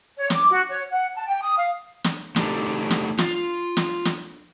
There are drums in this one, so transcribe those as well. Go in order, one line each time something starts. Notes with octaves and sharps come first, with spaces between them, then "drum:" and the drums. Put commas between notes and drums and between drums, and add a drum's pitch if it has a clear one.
C#5
D6, drum: snare
F#4
C#5
F#5
A5
G5
D#6
F5
drum: snare
A3 D4 D#4 G4 A4, drum: snare
drum: snare
F4, drum: snare
drum: snare
drum: snare